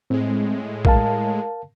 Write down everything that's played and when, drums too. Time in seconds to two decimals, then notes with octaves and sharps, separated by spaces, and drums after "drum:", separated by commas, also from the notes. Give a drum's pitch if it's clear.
0.10 A2 G#3 C4
0.85 A#4 F5 A5, drum: kick